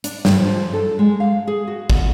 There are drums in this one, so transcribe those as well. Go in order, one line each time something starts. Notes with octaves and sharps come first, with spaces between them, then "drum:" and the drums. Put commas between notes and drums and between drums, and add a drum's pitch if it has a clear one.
D4, drum: hi-hat
G2, drum: snare
F3
A4
G#3
F5
G#4
F#4
D2, drum: kick